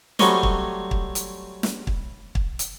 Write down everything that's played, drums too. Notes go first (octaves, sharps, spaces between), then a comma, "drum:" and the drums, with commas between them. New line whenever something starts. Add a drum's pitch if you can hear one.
F#3 G3 A3 C4 C#4 D#5, drum: snare
drum: kick
drum: kick
drum: hi-hat
drum: snare
drum: kick
drum: kick
drum: hi-hat